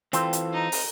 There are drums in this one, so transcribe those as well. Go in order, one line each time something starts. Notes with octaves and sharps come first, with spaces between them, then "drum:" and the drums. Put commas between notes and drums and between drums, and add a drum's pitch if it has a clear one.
E3 C4 F4 A4, drum: hi-hat
drum: hi-hat
D#4
drum: open hi-hat